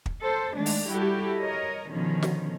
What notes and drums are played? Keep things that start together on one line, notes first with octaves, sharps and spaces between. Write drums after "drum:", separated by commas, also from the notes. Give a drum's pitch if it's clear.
drum: kick
A4 C5
D#3 G#3 A3 D4
drum: open hi-hat
G3 E4 F#4 G4 A4
A#4 C#5 D#5
B2 D3 D#3 F3 C#4
drum: snare